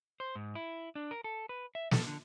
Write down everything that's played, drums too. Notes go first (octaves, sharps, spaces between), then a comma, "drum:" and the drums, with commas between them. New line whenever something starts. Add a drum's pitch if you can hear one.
C5
G#2
E4
D4
A#4
A4
B4
E5
A4, drum: snare
D3